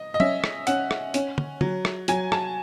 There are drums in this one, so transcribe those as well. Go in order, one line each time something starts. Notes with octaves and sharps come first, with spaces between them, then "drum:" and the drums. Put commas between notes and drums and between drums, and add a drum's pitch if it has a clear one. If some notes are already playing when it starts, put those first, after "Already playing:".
Already playing: D#5
D#5
C#4 E5, drum: tom
drum: rim click
C#4 F#5, drum: hi-hat
drum: rim click
C#4, drum: hi-hat
drum: tom
F#3, drum: tom
drum: rim click
F#3 G#5, drum: hi-hat
A5, drum: rim click